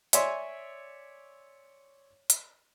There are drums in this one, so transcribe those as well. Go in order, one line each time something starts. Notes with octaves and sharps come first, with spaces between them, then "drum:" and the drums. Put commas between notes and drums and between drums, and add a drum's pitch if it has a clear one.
C#5 D5 E5 G#5 C6 C#6, drum: hi-hat
drum: hi-hat